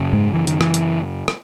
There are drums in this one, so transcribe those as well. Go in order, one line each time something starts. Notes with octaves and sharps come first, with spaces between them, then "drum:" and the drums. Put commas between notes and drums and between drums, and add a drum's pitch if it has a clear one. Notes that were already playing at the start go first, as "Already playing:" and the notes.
Already playing: F#2 C#3
G#2 G#3
E3
D#3, drum: hi-hat
E3, drum: rim click
drum: hi-hat
drum: rim click